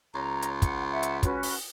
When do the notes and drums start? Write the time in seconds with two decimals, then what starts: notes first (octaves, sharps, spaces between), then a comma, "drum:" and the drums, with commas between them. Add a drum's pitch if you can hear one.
0.15 C#2 C#5 A#5
0.42 drum: hi-hat
0.62 F#5, drum: kick, hi-hat
0.91 E5 F#5
1.03 drum: hi-hat
1.23 C#4 F#4 B4, drum: kick, hi-hat
1.43 drum: open hi-hat